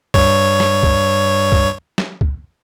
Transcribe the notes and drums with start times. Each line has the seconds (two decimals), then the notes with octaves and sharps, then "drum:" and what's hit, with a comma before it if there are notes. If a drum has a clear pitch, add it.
0.14 G2 C#5, drum: kick
0.60 drum: snare
0.83 drum: kick
1.52 drum: kick
1.98 drum: snare
2.21 drum: kick